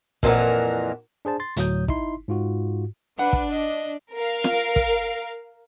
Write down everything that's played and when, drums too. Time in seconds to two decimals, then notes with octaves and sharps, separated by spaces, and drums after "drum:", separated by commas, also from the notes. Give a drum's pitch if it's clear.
0.23 F2 A#2 E3 A#4 F#5, drum: kick
1.25 D4 G#4 C5 A5
1.40 C6 A6
1.57 D2 A2 F#3 D#6 G6, drum: hi-hat
1.88 D#4 E4 C6, drum: kick
2.28 G#2 F4 F#4
3.19 D4 B4 F#5
3.33 drum: kick
3.50 D#5
4.14 A#4 F5
4.44 drum: snare
4.76 drum: kick